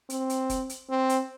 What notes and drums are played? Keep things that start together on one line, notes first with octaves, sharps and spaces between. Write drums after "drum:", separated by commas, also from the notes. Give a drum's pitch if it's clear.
C4, drum: hi-hat
drum: hi-hat
drum: kick, hi-hat
drum: hi-hat
C4
drum: hi-hat